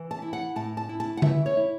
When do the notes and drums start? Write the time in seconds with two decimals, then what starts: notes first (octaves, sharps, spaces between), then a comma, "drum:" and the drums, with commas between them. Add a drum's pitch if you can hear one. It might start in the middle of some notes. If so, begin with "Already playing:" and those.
Already playing: E3
0.11 A5
0.22 E4
0.33 F#5
0.56 A2 A5
0.77 A5
0.89 E4
1.00 A5
1.17 F#5
1.22 E3 E5, drum: tom D3
1.46 C#5
1.57 E4